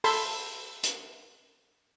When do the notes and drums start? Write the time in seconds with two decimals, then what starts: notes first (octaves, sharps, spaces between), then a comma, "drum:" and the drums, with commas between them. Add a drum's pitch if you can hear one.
0.04 A4 B5 C6, drum: open hi-hat
0.83 drum: hi-hat